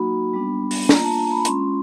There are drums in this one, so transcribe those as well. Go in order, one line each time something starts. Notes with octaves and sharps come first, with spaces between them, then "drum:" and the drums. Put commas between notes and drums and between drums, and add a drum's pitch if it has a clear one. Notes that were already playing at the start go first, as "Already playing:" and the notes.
Already playing: F#3 A#3 D#4 F#4 B5
G3 B3 D4
drum: open hi-hat
A#3 D4 F4 A#5, drum: snare
A5
A#5
B5
G#3 C#4 F4 C6, drum: hi-hat